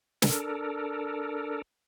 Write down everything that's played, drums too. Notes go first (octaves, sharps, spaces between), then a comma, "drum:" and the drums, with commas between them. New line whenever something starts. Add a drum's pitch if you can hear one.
D4 A4 A#4, drum: snare